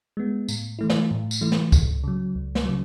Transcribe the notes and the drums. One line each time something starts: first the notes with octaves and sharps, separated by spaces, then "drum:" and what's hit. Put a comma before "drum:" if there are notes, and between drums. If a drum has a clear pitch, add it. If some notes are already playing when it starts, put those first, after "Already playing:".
G#3 B3
A2, drum: tambourine
E3 A3 E4
drum: snare
A2
drum: tambourine
E3 A3 E4
drum: snare
C#2, drum: kick C2, tambourine
C#3 F#3
C#2
drum: snare
C#3 F#3